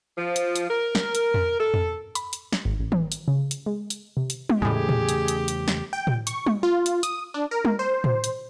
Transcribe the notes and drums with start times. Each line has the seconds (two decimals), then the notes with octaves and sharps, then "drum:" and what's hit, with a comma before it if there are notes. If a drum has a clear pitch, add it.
0.16 F3
0.36 drum: hi-hat
0.56 drum: hi-hat
0.69 A#4
0.95 drum: snare
1.15 drum: hi-hat
1.34 drum: tom E2
1.58 A4
1.74 drum: tom E2
2.15 B5, drum: hi-hat
2.33 drum: hi-hat
2.53 drum: snare
2.65 G#1
2.79 A1
2.92 drum: tom D#3
3.12 drum: hi-hat
3.28 C#3
3.51 drum: hi-hat
3.66 G#3
3.90 drum: hi-hat
4.17 C3
4.30 drum: hi-hat
4.49 drum: tom G3
4.62 E2 A2 C#3 G#3 A3 G4 G#4
4.89 drum: tom A2
5.09 drum: hi-hat
5.28 drum: hi-hat
5.48 drum: hi-hat
5.68 drum: snare
5.93 G5
6.07 drum: tom A2
6.27 C#6, drum: hi-hat
6.46 drum: tom G3
6.63 F4
6.86 drum: hi-hat
7.03 D#6, drum: hi-hat
7.34 D4
7.51 A#4
7.65 drum: tom G3
7.79 C5
8.04 drum: tom A2
8.24 drum: hi-hat